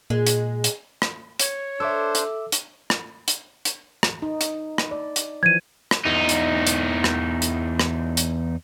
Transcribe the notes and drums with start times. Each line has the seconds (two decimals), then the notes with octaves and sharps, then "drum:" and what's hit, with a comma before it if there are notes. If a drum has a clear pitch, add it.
0.10 A#2 G#3
0.27 drum: hi-hat
0.64 drum: hi-hat
1.02 drum: rim click
1.39 C#5, drum: hi-hat
1.80 D4 A4 C5 E5 D6 E6
2.15 drum: hi-hat
2.52 drum: hi-hat
2.90 drum: rim click
3.28 drum: hi-hat
3.65 drum: hi-hat
4.03 drum: rim click
4.22 D#4
4.41 drum: hi-hat
4.78 drum: rim click
4.91 D5
5.16 drum: hi-hat
5.43 E3 F3 G#6 D#7
5.91 drum: rim click
6.05 E2 D#4
6.29 drum: hi-hat
6.67 drum: hi-hat
7.04 drum: rim click
7.42 drum: hi-hat
7.80 drum: rim click
8.17 drum: hi-hat